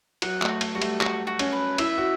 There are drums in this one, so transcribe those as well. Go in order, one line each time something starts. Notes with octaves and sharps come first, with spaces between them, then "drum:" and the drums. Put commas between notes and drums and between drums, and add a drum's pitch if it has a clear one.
F#3 F#5, drum: cymbal
A3, drum: clap
F#4
A3, drum: cymbal
G3 F#4
A3, drum: cymbal
F#4, drum: clap
F#4
C#4, drum: cymbal
B4
E4 E5, drum: cymbal
F#4